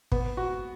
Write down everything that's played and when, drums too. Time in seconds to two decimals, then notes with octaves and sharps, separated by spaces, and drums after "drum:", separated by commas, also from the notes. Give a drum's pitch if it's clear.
0.12 B3, drum: kick G#1
0.37 F#4